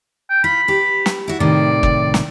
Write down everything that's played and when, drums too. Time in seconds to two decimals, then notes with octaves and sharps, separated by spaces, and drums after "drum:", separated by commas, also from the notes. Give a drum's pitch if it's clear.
0.30 G5
0.44 F4 B5
0.68 G4 B4
1.06 drum: snare
1.28 E4 F#4
1.40 A2 C3 D#3 D5
1.83 drum: kick
2.14 drum: snare